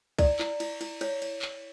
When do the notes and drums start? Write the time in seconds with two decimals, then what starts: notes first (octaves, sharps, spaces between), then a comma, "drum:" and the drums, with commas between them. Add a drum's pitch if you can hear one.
0.19 E4 D5, drum: kick, cymbal
0.39 E4, drum: clap
0.60 E4, drum: cymbal
0.81 E4, drum: cymbal
1.01 E4 C#5, drum: cymbal
1.22 C#5, drum: cymbal
1.42 drum: clap